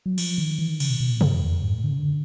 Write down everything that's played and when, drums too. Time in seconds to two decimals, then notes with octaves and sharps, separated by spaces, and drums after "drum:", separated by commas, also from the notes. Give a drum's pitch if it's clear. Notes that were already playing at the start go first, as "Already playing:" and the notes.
0.06 F#3
0.18 F3, drum: cymbal
0.38 D#3
0.58 E3
0.69 D#3
0.80 C#3, drum: cymbal
0.90 B2
1.00 B2
1.11 A#2
1.21 G2, drum: tom
1.33 F2
1.42 E2
1.52 F2
1.63 G#2
1.73 A2
1.84 D3
1.91 C#3
1.98 D3